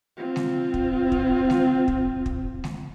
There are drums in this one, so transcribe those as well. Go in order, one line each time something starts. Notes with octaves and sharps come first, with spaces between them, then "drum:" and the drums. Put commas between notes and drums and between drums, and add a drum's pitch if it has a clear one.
C4 F4
drum: snare G#3
drum: kick
drum: kick
drum: snare G#3
drum: kick
drum: kick
drum: snare G#3